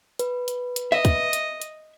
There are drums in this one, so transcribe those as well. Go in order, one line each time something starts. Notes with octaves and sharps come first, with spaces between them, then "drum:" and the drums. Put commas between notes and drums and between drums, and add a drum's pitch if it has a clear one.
B4, drum: hi-hat
drum: hi-hat
drum: hi-hat
D#5 E5
drum: kick, hi-hat
drum: hi-hat
drum: hi-hat